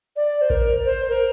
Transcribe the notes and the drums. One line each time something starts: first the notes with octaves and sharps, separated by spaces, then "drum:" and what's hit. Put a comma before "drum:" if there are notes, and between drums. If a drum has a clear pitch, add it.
D5
C5
A#4, drum: kick A#1
C5
A#4